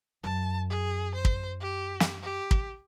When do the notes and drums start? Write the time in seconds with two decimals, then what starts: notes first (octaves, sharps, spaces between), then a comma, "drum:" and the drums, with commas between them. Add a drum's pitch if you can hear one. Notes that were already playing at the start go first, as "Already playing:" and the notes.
0.24 F#2 A5
0.70 G#4
1.15 C5
1.25 drum: kick
1.61 G4
2.00 drum: snare
2.23 G4
2.51 drum: kick